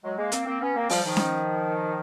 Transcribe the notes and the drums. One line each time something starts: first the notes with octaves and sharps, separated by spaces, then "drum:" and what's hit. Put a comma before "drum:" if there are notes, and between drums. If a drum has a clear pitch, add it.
F#3 G#3
G#3 A#3
A#3 C4, drum: hi-hat
A#3 C4
B3 C#4
A#3 C4
F3 G3, drum: open hi-hat
D#3 F3
drum: snare C#4